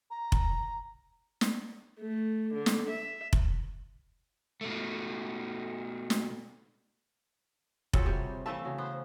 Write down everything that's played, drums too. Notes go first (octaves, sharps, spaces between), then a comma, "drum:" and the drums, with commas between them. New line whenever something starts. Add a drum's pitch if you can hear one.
A#5
drum: kick F1
drum: snare
A3
D3
drum: snare
E5
drum: kick F1
B2 A3
drum: snare
F4 F#4 G#4 A4 C#5 G5 B5, drum: kick F1
C3 G3
E3 A3 E5 F5 A5
C#3 F#4
B3 C5